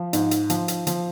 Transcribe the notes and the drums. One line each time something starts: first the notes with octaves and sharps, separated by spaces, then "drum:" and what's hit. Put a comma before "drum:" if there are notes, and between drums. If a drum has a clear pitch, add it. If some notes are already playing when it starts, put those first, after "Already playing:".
Already playing: F3
G#2, drum: hi-hat
drum: hi-hat
F3, drum: hi-hat
drum: hi-hat
F3, drum: hi-hat